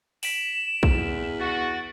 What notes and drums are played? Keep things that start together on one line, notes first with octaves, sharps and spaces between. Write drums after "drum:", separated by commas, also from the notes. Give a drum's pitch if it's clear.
B6 D7 E7 F#7, drum: open hi-hat
E2, drum: kick A#1
F#4 A6